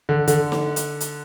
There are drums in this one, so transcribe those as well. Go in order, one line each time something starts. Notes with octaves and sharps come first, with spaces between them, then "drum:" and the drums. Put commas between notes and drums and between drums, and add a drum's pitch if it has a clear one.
D3
D3, drum: hi-hat
drum: snare
drum: hi-hat
drum: hi-hat